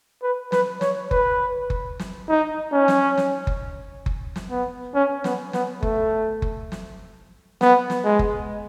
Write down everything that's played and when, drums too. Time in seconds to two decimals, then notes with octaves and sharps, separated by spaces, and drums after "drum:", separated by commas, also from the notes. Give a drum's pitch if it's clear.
0.22 B4
0.52 B4, drum: snare
0.81 C#5, drum: snare
1.11 B4, drum: kick F#1
1.70 drum: kick F#1
1.99 drum: snare
2.29 D#4
2.73 C#4
2.88 drum: snare
3.18 drum: snare
3.47 drum: kick F#1
4.06 drum: kick F#1
4.36 drum: snare
4.50 B3
4.95 C#4
5.24 B3, drum: snare
5.53 B3, drum: snare
5.83 A3, drum: kick F#1
6.42 drum: kick F#1
6.72 drum: snare
7.61 B3, drum: snare
7.90 drum: snare
8.04 G#3
8.19 drum: kick F#1